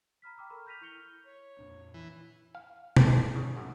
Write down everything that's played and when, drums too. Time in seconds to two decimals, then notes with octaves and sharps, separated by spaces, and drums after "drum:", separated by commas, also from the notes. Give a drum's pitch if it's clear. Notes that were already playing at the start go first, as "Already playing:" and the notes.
0.22 A#5 B5 F6 B6
0.37 G5 A#5 D6 E6 F6
0.50 A4 A#4 A#5 B5 C#6
0.66 F6 G6 A#6 B6 D#7 F7
0.81 E4 C#6 G6 C#7 F7 G7
1.26 C#5
1.59 F2 A#2 D4
1.94 E3
2.55 F5
2.97 drum: tom B2
3.07 B1
3.35 C#3
3.56 F#2